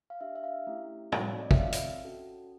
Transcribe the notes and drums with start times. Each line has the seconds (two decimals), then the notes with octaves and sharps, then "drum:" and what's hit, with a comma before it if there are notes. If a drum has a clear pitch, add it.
0.10 F5
0.21 D4 G4 E5
0.35 E5
0.44 F5
0.67 A3 C#4 E4 G4
1.12 A3 C4 D#4 F#4, drum: tom
1.28 C#5
1.35 D5
1.43 D#5
1.51 E5, drum: kick
1.59 C4 F4 A4 F5
1.73 drum: hi-hat
2.04 C#4 F#4 A4